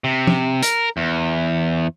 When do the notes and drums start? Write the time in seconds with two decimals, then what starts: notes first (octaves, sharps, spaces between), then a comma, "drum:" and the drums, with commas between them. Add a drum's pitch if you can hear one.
0.04 C3
0.27 drum: tom F3
0.63 A#4, drum: hi-hat
0.97 E2